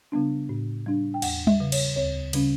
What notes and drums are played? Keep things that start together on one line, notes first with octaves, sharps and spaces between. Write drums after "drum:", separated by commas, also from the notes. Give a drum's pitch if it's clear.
C#3 G3 B3 D4
A2
G3 D4
G5
E2 F#5, drum: cymbal
E5, drum: tom G3
C#3 G3
C#5, drum: cymbal
D2 C#5
C#3 G3 C#4, drum: cymbal